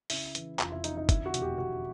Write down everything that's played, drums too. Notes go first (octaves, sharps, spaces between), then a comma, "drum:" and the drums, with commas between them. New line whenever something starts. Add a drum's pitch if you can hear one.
C#3 E4, drum: open hi-hat
E3, drum: hi-hat
F1 F4, drum: clap
E4
F2 D#4, drum: hi-hat
D#4
D3 E4, drum: kick G1, hi-hat
F#4
E1, drum: hi-hat
G4
E1 F#4